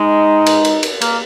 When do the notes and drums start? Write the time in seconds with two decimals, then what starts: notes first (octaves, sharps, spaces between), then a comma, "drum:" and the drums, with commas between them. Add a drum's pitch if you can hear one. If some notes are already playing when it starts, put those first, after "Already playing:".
Already playing: G#3 D#4
0.46 drum: cymbal
0.65 drum: cymbal
0.83 drum: cymbal
1.01 A#3, drum: cymbal